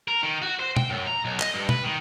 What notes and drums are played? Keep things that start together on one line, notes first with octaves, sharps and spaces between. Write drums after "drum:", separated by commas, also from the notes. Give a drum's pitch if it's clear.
A#4
D#3
F#4
C5
G5, drum: tom
F#2
A#5
B1
D#5, drum: clap
G2
B4, drum: tom
D#3